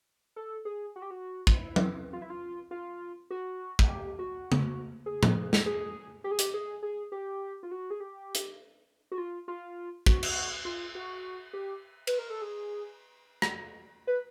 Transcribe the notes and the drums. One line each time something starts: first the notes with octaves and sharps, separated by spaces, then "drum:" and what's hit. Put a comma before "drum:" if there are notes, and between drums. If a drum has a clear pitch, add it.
A4
G#4
F#4
G4
F#4
F4, drum: kick
E4
drum: tom F#3
F4
E4
F4
F4
F#4
F#4, drum: kick
G4
F#4
drum: tom C#3
G#4
drum: tom A2
drum: snare
G#4
G4
G#4
G4, drum: hi-hat
G#4
G#4
G4
F4
F#4
G#4
G4
drum: hi-hat
F#4
F4
F4
F#4, drum: kick
drum: cymbal
F4
F#4
G4
B4, drum: cymbal
A#4
A4
G#4
drum: rim click
B4